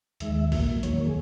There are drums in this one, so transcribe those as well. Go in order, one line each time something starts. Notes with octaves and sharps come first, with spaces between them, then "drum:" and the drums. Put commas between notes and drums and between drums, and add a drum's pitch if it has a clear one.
D#2 D#3 G#3 E5, drum: hi-hat
A#2 F#3 A#3, drum: kick A1, open hi-hat
E2 D#3 F#3 A#3 C#5, drum: hi-hat
G#4